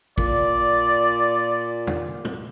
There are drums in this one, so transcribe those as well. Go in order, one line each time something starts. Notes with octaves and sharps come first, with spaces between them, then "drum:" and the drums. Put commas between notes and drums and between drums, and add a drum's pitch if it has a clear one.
A#2 D5, drum: kick
drum: tom E2
drum: tom